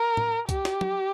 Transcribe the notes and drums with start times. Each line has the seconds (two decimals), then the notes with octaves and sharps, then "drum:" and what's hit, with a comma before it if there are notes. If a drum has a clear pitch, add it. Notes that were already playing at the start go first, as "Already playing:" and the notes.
Already playing: A#4
0.17 drum: tom A2
0.49 G4, drum: kick C2, hi-hat
0.65 drum: snare
0.81 drum: tom